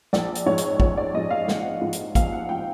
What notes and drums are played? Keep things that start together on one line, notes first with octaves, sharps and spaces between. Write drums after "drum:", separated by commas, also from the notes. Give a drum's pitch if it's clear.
A#1 D5, drum: snare
drum: hi-hat
G#2 F3 C#5
drum: hi-hat
A#1 C#5, drum: kick A1
D5
G#2 F3 D#5
F5
A#1 F#5, drum: snare
G#2 F3
drum: hi-hat
A#1 F5, drum: kick A1, hi-hat
F#5
F3 G5